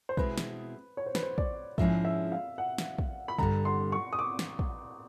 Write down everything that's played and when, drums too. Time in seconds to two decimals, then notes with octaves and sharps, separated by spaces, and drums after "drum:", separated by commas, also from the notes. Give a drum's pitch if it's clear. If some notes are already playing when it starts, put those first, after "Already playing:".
0.09 C5
0.17 B2 G#3 C4 E4 B4, drum: kick
0.38 drum: snare
0.97 C#5
1.06 C5
1.15 B4, drum: snare
1.23 C5
1.38 D5, drum: kick
1.78 G#2 F3 G#3 C#4 E4 E5, drum: kick
2.05 E5
2.32 F5
2.58 F#5
2.78 drum: snare
2.99 drum: kick
3.28 B5
3.39 G2 D3 G3 A#5, drum: kick
3.65 C6
3.92 C#6
4.13 D#6
4.19 D6
4.39 drum: snare
4.59 drum: kick